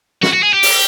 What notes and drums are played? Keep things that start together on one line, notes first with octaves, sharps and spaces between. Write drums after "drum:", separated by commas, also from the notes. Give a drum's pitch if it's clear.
F#4, drum: snare
F#4
G#4
G4
drum: open hi-hat